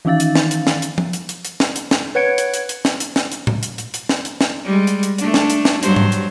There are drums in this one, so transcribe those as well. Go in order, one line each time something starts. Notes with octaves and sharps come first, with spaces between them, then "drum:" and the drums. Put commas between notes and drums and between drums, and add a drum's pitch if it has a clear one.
D#3 E3 C#4 D#4 F5 A6
drum: hi-hat
drum: snare
drum: hi-hat
drum: snare
drum: hi-hat
drum: tom
drum: hi-hat
drum: hi-hat
drum: hi-hat
drum: snare
drum: hi-hat
drum: snare
B4 C#5 F#5 G#6 C#7 D7
drum: hi-hat
drum: hi-hat
drum: hi-hat
drum: snare
drum: hi-hat
drum: snare
drum: hi-hat
drum: tom A2
drum: hi-hat
drum: hi-hat
drum: hi-hat
drum: snare
drum: hi-hat
drum: snare
G3 G#3
drum: hi-hat
drum: hi-hat
A3 D4, drum: hi-hat
drum: snare
drum: hi-hat
drum: snare
G2 F#3 C5, drum: hi-hat
drum: tom G#2
drum: hi-hat